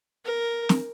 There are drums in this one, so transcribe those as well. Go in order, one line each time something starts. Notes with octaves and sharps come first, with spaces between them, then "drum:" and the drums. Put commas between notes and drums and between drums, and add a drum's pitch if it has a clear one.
A#4
drum: snare